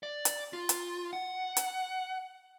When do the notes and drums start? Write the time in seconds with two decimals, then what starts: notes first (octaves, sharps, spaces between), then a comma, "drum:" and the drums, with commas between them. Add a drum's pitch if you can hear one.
0.03 D5
0.25 drum: hi-hat
0.53 F4
0.69 drum: hi-hat
1.13 F#5
1.57 drum: hi-hat